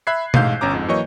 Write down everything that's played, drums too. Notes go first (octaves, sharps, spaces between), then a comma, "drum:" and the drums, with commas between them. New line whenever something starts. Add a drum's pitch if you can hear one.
E5 B5 F#6 G#6 C7
A1 G#2 F5 E6 G6, drum: tom B2
G1 C#4 A#5 D6
F2 G#2
E3 F#3 A#3 C#5 D#5 C#6